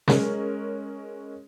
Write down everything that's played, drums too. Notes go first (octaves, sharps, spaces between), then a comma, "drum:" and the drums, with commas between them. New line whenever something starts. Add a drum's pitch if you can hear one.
G#3 C#4 A#4, drum: snare